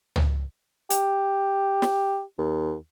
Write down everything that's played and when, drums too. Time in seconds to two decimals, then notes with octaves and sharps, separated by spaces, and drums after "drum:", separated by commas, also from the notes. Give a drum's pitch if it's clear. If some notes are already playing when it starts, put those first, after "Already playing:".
0.16 drum: tom
0.90 G4, drum: hi-hat
1.82 drum: snare
2.39 D#2